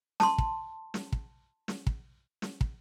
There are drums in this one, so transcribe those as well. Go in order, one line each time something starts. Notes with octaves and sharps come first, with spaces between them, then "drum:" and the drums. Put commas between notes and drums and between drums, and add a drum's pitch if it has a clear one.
A5 C6, drum: snare
drum: kick
drum: snare
drum: kick
drum: snare
drum: kick
drum: snare
drum: kick